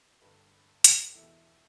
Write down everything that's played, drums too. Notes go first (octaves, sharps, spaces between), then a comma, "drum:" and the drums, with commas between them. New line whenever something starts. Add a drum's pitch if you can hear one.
G2 D3 G4 B4
drum: hi-hat
G4
E2 B2 E4 A4